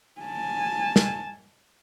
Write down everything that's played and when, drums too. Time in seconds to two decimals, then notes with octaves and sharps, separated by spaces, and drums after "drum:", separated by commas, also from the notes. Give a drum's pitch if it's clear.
0.21 G#5 A5
0.96 drum: snare